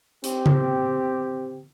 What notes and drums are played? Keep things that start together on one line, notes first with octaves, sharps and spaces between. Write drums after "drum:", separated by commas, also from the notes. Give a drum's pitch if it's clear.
C4 G4, drum: hi-hat
drum: tom C#3